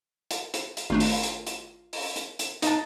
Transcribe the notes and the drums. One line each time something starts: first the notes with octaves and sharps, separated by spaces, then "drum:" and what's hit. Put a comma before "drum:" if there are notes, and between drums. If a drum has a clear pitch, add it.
drum: hi-hat
drum: hi-hat
drum: hi-hat
G#1 A3 D4 F4
drum: open hi-hat
drum: hi-hat
drum: hi-hat
drum: open hi-hat
drum: hi-hat
drum: hi-hat
D#4 A5, drum: hi-hat